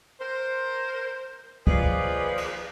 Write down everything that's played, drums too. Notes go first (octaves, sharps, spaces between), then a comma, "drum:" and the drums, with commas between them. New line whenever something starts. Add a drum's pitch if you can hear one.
A#4 C5
D#3 F3 A#3 G#4 B4 D5, drum: kick
drum: cymbal